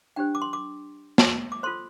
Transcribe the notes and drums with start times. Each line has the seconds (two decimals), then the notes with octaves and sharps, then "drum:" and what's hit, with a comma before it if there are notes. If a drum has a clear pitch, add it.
0.16 D4 G4 C5 G5
0.35 D6
0.42 C6
0.53 D6
1.18 drum: snare
1.52 D6
1.63 F4 A4 C5 C6